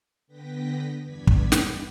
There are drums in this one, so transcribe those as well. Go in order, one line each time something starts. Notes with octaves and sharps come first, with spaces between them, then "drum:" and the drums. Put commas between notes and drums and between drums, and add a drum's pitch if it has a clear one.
D3 B3 B4 G5 A#6 B6
E2 G2 B3 D5 G#6 B6
drum: kick
drum: snare